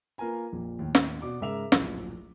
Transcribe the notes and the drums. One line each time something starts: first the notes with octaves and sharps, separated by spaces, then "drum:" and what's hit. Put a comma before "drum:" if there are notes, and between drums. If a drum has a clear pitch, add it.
A#3 F4 A#4 B4 G#5 A#5
A#1 F2 A#2
D#2 A2
drum: snare
B2 D5 D6
G#2 C#3 A#4 E5 D6 F7
D1 A#1 F#2 F3, drum: snare